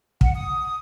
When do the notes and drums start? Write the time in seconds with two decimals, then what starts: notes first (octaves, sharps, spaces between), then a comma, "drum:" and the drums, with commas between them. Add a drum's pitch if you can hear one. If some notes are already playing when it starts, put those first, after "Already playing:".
0.21 F#5, drum: kick
0.34 D#6